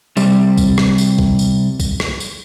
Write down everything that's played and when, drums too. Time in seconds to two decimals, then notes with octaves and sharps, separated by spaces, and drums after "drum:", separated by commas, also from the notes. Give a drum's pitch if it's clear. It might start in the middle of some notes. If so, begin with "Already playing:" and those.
0.17 C3 G3, drum: tambourine
0.57 drum: kick, tambourine
0.78 drum: rim click
0.98 drum: tambourine
1.19 drum: kick
1.39 drum: tambourine
1.80 drum: kick, tambourine
2.00 drum: rim click
2.20 drum: tambourine